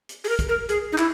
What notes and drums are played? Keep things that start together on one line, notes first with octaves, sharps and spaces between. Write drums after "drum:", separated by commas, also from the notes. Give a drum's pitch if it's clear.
drum: hi-hat
G#4, drum: open hi-hat
A#4
drum: kick, hi-hat
A#4
G#4, drum: hi-hat
D#4
E4, drum: clap